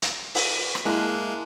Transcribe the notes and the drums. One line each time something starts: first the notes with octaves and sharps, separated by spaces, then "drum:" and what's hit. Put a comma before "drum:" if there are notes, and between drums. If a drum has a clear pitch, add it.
drum: hi-hat
drum: open hi-hat
drum: rim click
G#3 A#3 E4 A5 F#6